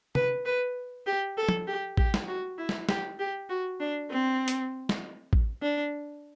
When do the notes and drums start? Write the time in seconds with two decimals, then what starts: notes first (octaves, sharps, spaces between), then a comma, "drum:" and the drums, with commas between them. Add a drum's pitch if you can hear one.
0.15 B4, drum: tom
0.46 B4
1.07 G4
1.37 A4
1.49 drum: tom
1.67 G4
1.97 G4, drum: kick A1
2.14 drum: snare
2.28 F#4
2.58 E4
2.69 drum: snare
2.89 G4, drum: snare
3.19 G4
3.49 F#4
3.80 D4
4.11 C4
4.48 drum: hi-hat
4.89 drum: snare
5.33 drum: kick A1
5.62 D4